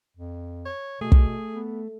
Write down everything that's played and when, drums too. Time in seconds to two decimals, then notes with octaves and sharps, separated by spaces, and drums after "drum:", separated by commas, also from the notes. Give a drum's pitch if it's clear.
0.17 F2
0.66 C#5
1.01 B2 A3 G#4
1.12 drum: kick
1.54 B3